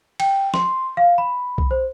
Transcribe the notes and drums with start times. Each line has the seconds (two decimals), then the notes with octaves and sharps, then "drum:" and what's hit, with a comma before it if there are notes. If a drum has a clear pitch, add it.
0.20 G5, drum: cymbal
0.54 C6, drum: snare
0.97 F5
1.18 B5
1.58 drum: kick B1
1.71 C5